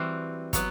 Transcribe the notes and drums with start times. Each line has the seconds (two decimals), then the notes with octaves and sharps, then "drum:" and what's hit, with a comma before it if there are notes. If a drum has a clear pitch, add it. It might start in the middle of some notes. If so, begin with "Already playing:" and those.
Already playing: E3 G3 C4 F#4 C5
0.53 F#3 B3, drum: kick, hi-hat